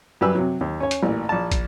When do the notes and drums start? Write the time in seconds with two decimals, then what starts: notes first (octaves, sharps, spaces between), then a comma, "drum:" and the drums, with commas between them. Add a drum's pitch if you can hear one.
0.21 F#2 G3 G4 B4 G#5 E6
0.35 C3 F#3
0.61 D#2
0.80 C#4 C#5
0.91 drum: hi-hat
1.03 A1 A#2
1.29 A#1 A5
1.52 drum: kick, hi-hat